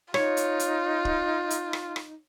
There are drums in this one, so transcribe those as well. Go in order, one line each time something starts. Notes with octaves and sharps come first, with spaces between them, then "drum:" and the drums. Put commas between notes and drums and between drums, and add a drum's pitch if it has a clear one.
D#4 F4 C#5, drum: rim click
drum: hi-hat
drum: hi-hat
drum: kick
drum: hi-hat
drum: rim click
drum: rim click